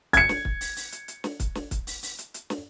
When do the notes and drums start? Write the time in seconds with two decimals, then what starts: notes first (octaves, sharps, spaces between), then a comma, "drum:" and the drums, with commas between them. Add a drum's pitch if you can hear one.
0.13 G#6 C#7, drum: kick, hi-hat
0.29 drum: snare
0.45 drum: kick
0.61 drum: open hi-hat
0.77 drum: open hi-hat
0.92 drum: hi-hat
1.08 drum: hi-hat
1.24 drum: snare
1.40 drum: kick, hi-hat
1.55 drum: snare
1.71 drum: kick, hi-hat
1.87 drum: open hi-hat
2.03 drum: open hi-hat
2.18 drum: hi-hat
2.34 drum: hi-hat
2.50 drum: snare